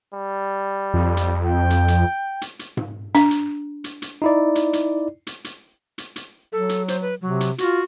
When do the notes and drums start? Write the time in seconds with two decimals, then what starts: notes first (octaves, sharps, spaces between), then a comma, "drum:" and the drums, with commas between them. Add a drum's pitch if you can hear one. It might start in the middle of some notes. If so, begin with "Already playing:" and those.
0.14 G3
0.94 F2
1.17 drum: hi-hat
1.46 G5
1.70 drum: hi-hat
1.88 drum: hi-hat
2.41 drum: hi-hat
2.59 drum: hi-hat
2.77 drum: tom G#2
3.15 D4, drum: hi-hat
3.31 drum: hi-hat
3.84 drum: hi-hat
4.02 drum: hi-hat
4.22 D#4 E4 D5
4.55 drum: hi-hat
4.73 drum: hi-hat
5.27 drum: hi-hat
5.44 drum: hi-hat
5.98 drum: hi-hat
6.16 drum: hi-hat
6.52 F#3 A4
6.69 drum: hi-hat
6.88 C5, drum: hi-hat
7.02 B4
7.22 C3 F#3
7.40 drum: hi-hat
7.58 F4 F#4, drum: hi-hat